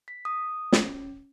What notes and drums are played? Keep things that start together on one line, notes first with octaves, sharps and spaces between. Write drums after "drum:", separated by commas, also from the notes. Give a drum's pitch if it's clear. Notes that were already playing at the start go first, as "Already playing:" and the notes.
B6
D#6
C#4, drum: snare